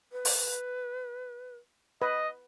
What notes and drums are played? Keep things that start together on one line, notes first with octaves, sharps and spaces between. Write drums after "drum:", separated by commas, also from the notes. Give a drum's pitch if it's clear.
B4
drum: open hi-hat
B4 D#5